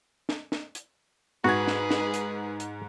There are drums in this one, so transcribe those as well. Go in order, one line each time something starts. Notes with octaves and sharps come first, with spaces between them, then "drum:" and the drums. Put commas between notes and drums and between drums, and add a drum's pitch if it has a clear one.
drum: snare
drum: snare
drum: hi-hat
G#2 F#4 G#4 B4 G#6
drum: snare
drum: snare
drum: hi-hat
drum: hi-hat